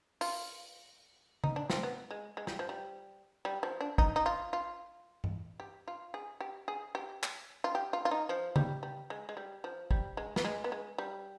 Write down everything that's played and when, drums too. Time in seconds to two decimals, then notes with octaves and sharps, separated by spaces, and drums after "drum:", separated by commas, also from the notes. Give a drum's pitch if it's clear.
0.21 F4, drum: open hi-hat
1.44 D#4, drum: tom C#3
1.56 D4
1.70 C4, drum: snare
1.83 B3
2.11 G#3
2.37 G#3
2.47 G3, drum: snare
2.59 F3
2.69 G3
3.45 G3
3.63 F3
3.81 D4
3.98 D#4, drum: kick
4.16 D#4
4.26 F4
4.53 F4
5.24 drum: tom G2
5.60 G4
5.88 F4
6.14 G#4
6.41 G4
6.68 G#4
6.95 G4
7.23 drum: clap
7.64 F4
7.75 G4
7.93 F4
8.05 F4
8.11 D#4
8.29 F3
8.56 G3, drum: tom C#3
8.83 G3
9.10 G#3
9.29 G#3
9.37 G3
9.64 F3
9.91 G3, drum: kick
10.17 G#3
10.36 B3, drum: snare
10.45 G#3
10.64 B3
10.72 G#3
10.98 G3